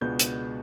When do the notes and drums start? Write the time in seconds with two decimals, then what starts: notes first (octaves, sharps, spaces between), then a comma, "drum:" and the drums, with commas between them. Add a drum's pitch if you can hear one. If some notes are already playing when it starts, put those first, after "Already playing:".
0.01 C#2 B2 G#3 B3 D4 G6
0.19 drum: hi-hat